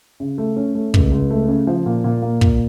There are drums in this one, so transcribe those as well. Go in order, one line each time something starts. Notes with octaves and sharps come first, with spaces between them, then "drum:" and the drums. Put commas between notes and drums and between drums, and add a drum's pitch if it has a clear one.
C#3
A3
C#4
A3
C#2, drum: kick
C#2
A3
C#3
F3
A#2
A#2
A#3
A#2, drum: kick